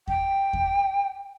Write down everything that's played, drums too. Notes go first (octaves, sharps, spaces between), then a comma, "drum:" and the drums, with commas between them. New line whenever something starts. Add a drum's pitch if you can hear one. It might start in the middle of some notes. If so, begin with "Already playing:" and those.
G5, drum: kick E2
drum: kick E2